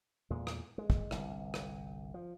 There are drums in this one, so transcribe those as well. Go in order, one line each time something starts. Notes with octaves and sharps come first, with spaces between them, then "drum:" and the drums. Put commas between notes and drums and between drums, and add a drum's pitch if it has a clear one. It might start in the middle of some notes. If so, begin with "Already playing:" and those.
E2 A#2 G#3
drum: rim click
G#3
drum: kick
G1 C2, drum: rim click
drum: rim click
F3